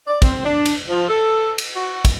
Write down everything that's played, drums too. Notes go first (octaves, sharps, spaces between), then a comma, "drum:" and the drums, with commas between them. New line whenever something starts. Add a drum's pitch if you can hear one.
D5
C4, drum: kick, cymbal
D4
drum: cymbal
F3
A4
drum: cymbal
F#4
drum: kick, cymbal